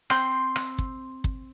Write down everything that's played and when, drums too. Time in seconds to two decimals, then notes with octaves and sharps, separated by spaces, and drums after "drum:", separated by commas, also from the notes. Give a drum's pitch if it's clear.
0.10 C4 C6 G6, drum: rim click
0.56 drum: rim click
0.78 drum: kick
1.24 drum: kick